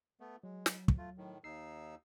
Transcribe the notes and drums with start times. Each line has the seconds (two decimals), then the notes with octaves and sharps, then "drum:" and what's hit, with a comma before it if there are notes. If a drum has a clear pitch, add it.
0.20 A3 B3
0.43 F#3 G#3
0.66 drum: snare
0.88 drum: kick
0.98 A3 F4
1.18 A2 D#3
1.44 D#2 D#4 E6 C7